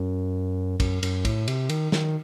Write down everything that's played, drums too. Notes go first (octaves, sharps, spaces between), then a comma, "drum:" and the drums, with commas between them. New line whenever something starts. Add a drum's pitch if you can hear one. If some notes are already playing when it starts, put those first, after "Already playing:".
Already playing: F#2
F#2, drum: kick, cymbal
F#2, drum: cymbal
A2, drum: kick, cymbal
C3, drum: cymbal
D#3, drum: cymbal
D#3, drum: snare